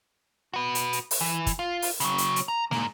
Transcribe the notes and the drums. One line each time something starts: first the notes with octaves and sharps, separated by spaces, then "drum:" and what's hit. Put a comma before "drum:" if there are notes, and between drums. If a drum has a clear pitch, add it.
F#4 B4
drum: hi-hat
drum: hi-hat
drum: open hi-hat
E3
drum: kick, hi-hat
F4
drum: open hi-hat
C#3 F#3, drum: hi-hat
drum: hi-hat
drum: hi-hat
A#5
G#2 A#3, drum: snare